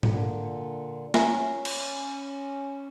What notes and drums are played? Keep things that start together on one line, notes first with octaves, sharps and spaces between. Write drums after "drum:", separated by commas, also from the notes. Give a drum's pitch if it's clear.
A#2 D3, drum: tom G#2
C#4 E5 G#5 A#5, drum: snare
drum: cymbal